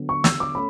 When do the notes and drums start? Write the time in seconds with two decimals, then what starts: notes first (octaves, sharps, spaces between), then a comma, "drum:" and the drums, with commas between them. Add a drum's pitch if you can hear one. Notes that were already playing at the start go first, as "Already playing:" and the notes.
Already playing: D3 F#3 B3
0.09 C#6
0.24 E6, drum: snare
0.40 D6
0.55 A3 C#4 B5